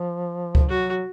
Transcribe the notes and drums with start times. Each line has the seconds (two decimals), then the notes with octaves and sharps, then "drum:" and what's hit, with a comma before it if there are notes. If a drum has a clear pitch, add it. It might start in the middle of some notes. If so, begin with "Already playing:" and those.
Already playing: F3
0.55 drum: kick C#2
0.68 F#3 F#4